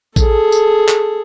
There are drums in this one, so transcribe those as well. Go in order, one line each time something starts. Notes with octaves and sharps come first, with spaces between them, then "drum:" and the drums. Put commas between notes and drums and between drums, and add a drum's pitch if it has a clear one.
G#4 A4, drum: kick, tambourine
drum: tambourine
drum: clap